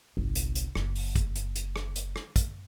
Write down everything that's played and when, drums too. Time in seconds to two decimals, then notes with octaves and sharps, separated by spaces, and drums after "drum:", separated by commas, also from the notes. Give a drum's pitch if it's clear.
0.17 G1 C2
0.35 drum: hi-hat
0.55 drum: hi-hat
0.75 F#1, drum: rim click
0.95 drum: open hi-hat
1.16 drum: kick, hi-hat
1.36 drum: hi-hat
1.56 drum: hi-hat
1.76 drum: rim click
1.96 drum: hi-hat
2.16 drum: rim click
2.36 drum: kick, hi-hat